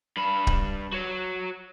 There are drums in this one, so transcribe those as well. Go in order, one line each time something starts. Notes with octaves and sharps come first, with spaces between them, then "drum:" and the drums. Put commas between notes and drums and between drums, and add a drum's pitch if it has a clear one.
G2 B5
drum: kick D1
F#4 C#5